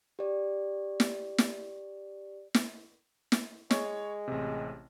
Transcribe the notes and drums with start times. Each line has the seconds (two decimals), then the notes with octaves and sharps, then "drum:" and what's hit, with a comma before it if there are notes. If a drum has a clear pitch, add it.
0.19 G4 D5
1.00 drum: snare
1.38 drum: snare
2.54 drum: snare
3.32 drum: snare
3.71 G#3 C#5, drum: snare
4.28 A1 C3